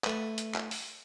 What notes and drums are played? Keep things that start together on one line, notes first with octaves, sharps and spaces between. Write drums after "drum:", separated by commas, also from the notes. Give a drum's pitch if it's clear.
A3 B4, drum: clap
drum: hi-hat
drum: clap
drum: open hi-hat